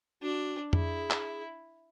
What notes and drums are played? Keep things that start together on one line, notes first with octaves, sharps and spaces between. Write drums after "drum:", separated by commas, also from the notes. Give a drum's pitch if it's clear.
D4 F#4
E4 G#4, drum: tom F2
drum: clap